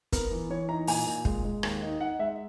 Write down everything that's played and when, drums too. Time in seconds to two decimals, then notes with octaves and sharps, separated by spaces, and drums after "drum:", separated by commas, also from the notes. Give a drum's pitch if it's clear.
0.13 B3 A#4, drum: kick, hi-hat
0.31 E3
0.50 E3 C#5
0.69 D#4 A#5
0.87 A#2 G#5, drum: open hi-hat
1.07 A#2
1.25 G#3, drum: kick
1.45 G#3
1.63 D#2, drum: rim click
1.82 D#4
2.01 D#4 F#5
2.19 G#3 E5